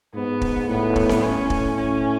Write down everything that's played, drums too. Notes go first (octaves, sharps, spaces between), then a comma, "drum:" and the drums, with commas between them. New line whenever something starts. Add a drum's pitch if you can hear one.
G#2 B3
drum: kick
A2 B3
drum: kick
drum: snare C4
A2 C#4
drum: kick
C#4